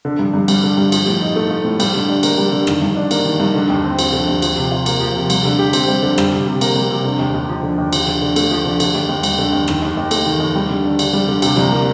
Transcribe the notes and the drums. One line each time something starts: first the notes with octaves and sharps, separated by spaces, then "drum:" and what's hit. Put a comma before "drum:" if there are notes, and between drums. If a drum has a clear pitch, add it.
D3
G2
G2
G3, drum: cymbal
D3
G2
F3, drum: cymbal
A2
D#4
A3
F3
A2
G3, drum: cymbal
D3
D4
A#3, drum: cymbal
G3
D3
D#3, drum: rim click
G2
D4
A#3, drum: cymbal
D#3
G2
D3
D#2
C4
F3, drum: cymbal
D3
D#2
F3, drum: cymbal
C3
F4
A#3, drum: cymbal
F3
C3
G3, drum: cymbal
D3
G4
C4, drum: cymbal
G3
D3
G3, drum: rim click
C3
C3
A#3, drum: cymbal
G3
C3
D3
D#2
D#2
F3
D3
D#2
F3, drum: cymbal
D3
D3
A3, drum: cymbal
F3
D3
D3, drum: cymbal
D#2
D#2
G3, drum: cymbal
D3
D#2
D#3, drum: rim click
D#2
D#2
A3, drum: cymbal
D#3
D#2
G3
D3
D3
D4, drum: cymbal
G3
D3
C3, drum: cymbal
C2
A#3